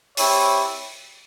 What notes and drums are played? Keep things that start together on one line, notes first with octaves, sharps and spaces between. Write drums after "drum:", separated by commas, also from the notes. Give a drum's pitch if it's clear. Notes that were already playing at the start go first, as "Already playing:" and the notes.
C4 E4 G4 C#5, drum: open hi-hat